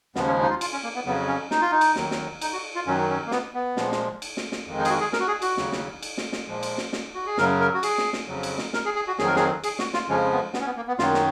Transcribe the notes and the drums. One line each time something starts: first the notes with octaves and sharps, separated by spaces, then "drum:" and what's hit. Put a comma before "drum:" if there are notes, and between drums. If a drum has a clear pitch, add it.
D#2 C#3 F3 G#3 B3, drum: snare
C#4
D#4
F4
F4, drum: cymbal
C#4
A#3
B3
F2 C#3 F#3 B3
C#4
D#4, drum: snare
F4
D#4
drum: cymbal
D#2 D#3 F#3, drum: snare
drum: snare
D#4, drum: cymbal
F#4
F4
F#2 D#3 F#3 C#4
C#4
A#3
B3, drum: snare
B3
A#2 F3 G#3, drum: snare
drum: snare
drum: cymbal
drum: snare
drum: snare
F2 D#3 G#3
D#4
G#4, drum: cymbal
F#4
G#4
A#4, drum: snare
F#4
G#4
F#4, drum: cymbal
D#2 C#3 F#3, drum: snare
drum: snare
drum: cymbal
drum: snare
drum: snare
A#2 F3 G#3
drum: cymbal
drum: snare
drum: snare
F#4
G#4
F#2 C#3 F#3 A#4, drum: snare
A#4
F#4
G#4, drum: cymbal
drum: snare
drum: snare
F2 C#3 F#3
drum: cymbal
drum: snare
A#4, drum: snare
G#4
G#4
F#4
F2 D#3 F#3 G#4, drum: snare
A#4
G#4, drum: snare
G#4, drum: cymbal
F#4, drum: snare
F4, drum: snare
F2 C#3 F3 G#3 C#4
B3
B3, drum: snare
C#4
B3
A#3
B3
F#2 D#3 F#3 F4, drum: snare
drum: snare